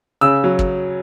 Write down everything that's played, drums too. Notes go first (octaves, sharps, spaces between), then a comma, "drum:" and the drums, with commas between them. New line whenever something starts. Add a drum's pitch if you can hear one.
C#3 E6
F#3
drum: kick